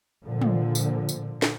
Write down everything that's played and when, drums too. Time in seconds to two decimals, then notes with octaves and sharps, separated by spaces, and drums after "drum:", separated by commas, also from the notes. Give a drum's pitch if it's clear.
0.25 A#2 D3 F3
0.41 drum: tom
0.75 drum: tambourine
1.09 drum: tambourine
1.42 drum: snare